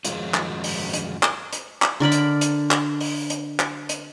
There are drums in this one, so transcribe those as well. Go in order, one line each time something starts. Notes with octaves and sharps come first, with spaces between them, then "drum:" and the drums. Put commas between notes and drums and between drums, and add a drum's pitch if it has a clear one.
F#2 D#3 F3 F#3 G#3 F4, drum: hi-hat
drum: clap
drum: open hi-hat
drum: hi-hat
drum: clap
drum: hi-hat
drum: clap
D3 A#4 D5 B5
drum: hi-hat
drum: hi-hat
drum: clap
drum: open hi-hat
drum: hi-hat
drum: clap
drum: hi-hat